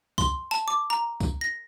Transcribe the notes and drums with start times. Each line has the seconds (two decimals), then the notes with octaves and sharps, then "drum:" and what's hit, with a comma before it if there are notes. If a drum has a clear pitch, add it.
0.18 C6, drum: kick C#2, tambourine
0.51 A5, drum: tambourine
0.68 D6
0.90 A#5
1.20 drum: kick C#2, tambourine
1.41 A#6